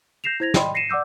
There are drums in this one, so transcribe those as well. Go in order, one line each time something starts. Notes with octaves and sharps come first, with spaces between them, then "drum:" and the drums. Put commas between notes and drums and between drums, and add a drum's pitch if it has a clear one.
G6 A#6 C7 E7 F7
E4 C5 G#6 A#6 F7
D5 D#5 G5 B5 C6, drum: snare
A#6 C7 C#7 D#7 E7
D5 F#5 D6 E6 G6